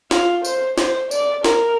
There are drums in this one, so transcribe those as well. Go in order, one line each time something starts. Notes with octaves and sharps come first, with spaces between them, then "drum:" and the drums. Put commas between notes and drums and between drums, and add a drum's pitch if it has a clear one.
F4, drum: snare
C5, drum: tambourine
C5, drum: snare
D5, drum: tambourine
A#4, drum: snare